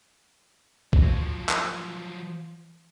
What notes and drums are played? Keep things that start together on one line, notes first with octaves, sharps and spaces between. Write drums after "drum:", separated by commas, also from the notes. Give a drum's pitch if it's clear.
F3 F#3, drum: kick
drum: clap